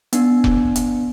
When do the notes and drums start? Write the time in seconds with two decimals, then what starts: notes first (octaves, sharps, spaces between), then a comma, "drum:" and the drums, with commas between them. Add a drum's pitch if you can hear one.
0.13 B3 D4, drum: hi-hat
0.44 drum: kick F1
0.76 drum: hi-hat